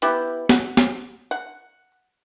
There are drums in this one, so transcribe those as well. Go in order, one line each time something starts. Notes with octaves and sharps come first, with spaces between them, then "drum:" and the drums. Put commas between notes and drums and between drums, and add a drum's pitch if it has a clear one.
B3 E4 G4, drum: hi-hat
F#5, drum: snare
drum: snare
F#5